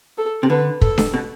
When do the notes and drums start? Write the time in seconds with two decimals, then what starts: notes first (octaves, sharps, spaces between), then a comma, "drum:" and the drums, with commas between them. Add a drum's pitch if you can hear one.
0.18 A4
0.43 C3
0.50 D3 B4
0.81 A4, drum: kick
0.98 drum: snare D4
1.14 B2